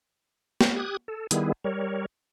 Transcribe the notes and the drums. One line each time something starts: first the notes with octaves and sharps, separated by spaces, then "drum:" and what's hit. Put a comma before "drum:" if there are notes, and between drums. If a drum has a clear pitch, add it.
drum: snare
G4 D#6 F#6 G#6
A4
D#3 G3 B3 E4 G#4, drum: hi-hat
G3 A#4 C#5